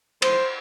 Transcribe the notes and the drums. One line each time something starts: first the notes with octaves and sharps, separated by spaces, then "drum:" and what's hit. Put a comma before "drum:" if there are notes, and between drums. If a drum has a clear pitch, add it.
C5, drum: cymbal